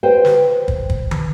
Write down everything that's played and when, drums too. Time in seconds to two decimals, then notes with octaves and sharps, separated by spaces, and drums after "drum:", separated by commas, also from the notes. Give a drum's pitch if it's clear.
0.03 B4 C5 G5
0.25 drum: snare
0.68 drum: kick
0.90 drum: kick
1.11 drum: tom